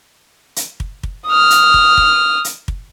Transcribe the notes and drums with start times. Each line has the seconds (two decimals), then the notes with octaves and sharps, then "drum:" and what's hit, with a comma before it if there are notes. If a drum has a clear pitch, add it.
0.56 drum: hi-hat
0.80 drum: kick
1.03 drum: kick
1.27 D#6 F6
1.50 drum: hi-hat
1.74 drum: kick
1.97 drum: kick
2.44 drum: hi-hat
2.68 drum: kick